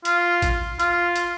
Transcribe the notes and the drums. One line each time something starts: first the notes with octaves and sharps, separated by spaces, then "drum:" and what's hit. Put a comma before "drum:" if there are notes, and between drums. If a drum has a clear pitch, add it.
F4, drum: hi-hat
drum: kick, hi-hat
F4, drum: hi-hat
drum: hi-hat